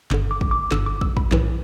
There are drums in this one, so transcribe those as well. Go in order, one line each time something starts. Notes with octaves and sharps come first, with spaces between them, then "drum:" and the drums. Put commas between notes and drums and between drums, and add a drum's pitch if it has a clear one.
G1 G2 D3, drum: clap
D6
drum: kick
D6
G1 G2 D3 E6, drum: clap
D6
E6, drum: kick
B5, drum: kick
B1 A2 E3, drum: clap